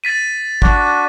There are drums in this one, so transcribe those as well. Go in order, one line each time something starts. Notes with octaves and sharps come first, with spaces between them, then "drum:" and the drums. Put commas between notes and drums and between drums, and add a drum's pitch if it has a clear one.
A6 B6 D#7
D4 F#4, drum: kick